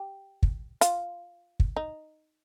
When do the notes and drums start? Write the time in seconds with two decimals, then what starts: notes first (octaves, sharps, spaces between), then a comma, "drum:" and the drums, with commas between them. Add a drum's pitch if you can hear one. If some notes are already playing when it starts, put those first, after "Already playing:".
Already playing: G4
0.43 drum: kick
0.81 F4, drum: hi-hat
1.60 drum: kick
1.76 D#4